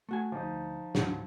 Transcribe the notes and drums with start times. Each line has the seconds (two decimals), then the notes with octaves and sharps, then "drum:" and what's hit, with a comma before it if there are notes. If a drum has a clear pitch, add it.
0.09 A3 F#4 G#5
0.32 D2 F3 D#4
0.95 G#2 D3 F#3, drum: snare